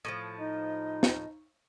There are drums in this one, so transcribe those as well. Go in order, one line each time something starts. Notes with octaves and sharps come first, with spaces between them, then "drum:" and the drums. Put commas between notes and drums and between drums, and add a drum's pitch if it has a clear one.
A2 D#3 F3
D#4 D#5
drum: snare